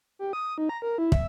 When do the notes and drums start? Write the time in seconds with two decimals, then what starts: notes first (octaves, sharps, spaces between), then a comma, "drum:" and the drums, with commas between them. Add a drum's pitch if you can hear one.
0.19 G4
0.33 D#6
0.58 D#4
0.69 A#5
0.82 A#4
0.98 E4
1.12 E5, drum: kick